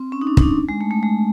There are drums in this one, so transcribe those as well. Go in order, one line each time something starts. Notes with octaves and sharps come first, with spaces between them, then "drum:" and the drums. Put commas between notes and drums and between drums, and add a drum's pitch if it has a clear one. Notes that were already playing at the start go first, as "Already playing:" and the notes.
Already playing: C4
C#4
D#4
D4
D#4, drum: kick
D4
G#3
A3
A3
G#3